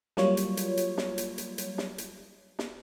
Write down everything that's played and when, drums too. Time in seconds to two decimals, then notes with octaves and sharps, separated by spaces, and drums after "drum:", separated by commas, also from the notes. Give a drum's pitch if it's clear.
0.17 F#3 G3 A#3 F4 C#5, drum: snare
0.37 drum: hi-hat
0.57 drum: hi-hat
0.77 drum: hi-hat
0.98 drum: snare
1.18 drum: hi-hat
1.38 drum: hi-hat
1.58 drum: hi-hat
1.78 drum: snare
1.98 drum: hi-hat
2.59 drum: snare